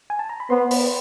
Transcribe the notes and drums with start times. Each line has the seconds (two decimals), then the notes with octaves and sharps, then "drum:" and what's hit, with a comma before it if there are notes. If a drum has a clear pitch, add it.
0.10 G#5
0.19 A5
0.29 A#5
0.40 B5
0.50 B3 C5 C6
0.71 B4 B5, drum: open hi-hat